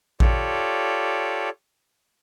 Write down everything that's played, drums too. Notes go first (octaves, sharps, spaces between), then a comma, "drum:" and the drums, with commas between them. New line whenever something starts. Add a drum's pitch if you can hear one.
F4 G4 A4 C#5 D5, drum: kick A1